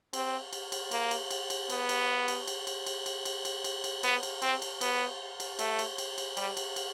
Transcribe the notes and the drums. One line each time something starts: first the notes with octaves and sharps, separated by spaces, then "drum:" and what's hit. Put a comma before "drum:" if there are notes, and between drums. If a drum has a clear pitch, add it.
C4, drum: cymbal
drum: cymbal
drum: cymbal
A#3, drum: cymbal
drum: cymbal
drum: cymbal
drum: cymbal
B3, drum: cymbal
drum: cymbal
drum: cymbal
drum: cymbal
drum: cymbal
drum: cymbal
drum: cymbal
drum: cymbal
drum: cymbal
drum: cymbal
drum: cymbal
B3, drum: cymbal
drum: cymbal
C4, drum: cymbal
drum: cymbal
B3, drum: cymbal
drum: cymbal
A3, drum: cymbal
drum: cymbal
drum: cymbal
drum: cymbal
G3, drum: cymbal
drum: cymbal
drum: cymbal